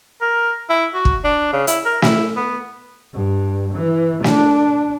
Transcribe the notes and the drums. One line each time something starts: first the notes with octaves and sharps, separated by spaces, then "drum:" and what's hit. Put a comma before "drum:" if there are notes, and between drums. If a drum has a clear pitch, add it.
A#4
E4
F#4
drum: kick
D4
C#3
E4, drum: hi-hat
A#4
E4, drum: snare
B3
G2
E3
D4, drum: snare